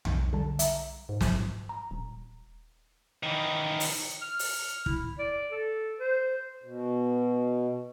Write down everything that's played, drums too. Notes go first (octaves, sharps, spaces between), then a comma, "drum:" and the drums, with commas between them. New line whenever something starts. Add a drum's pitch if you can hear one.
B1, drum: tom E2
D3 G3 A5
E5 A#5, drum: hi-hat
G#2
drum: snare
A#5
D#1
D#3 E3
drum: open hi-hat
F6
drum: open hi-hat
E4, drum: kick
D5
A4
C5
B2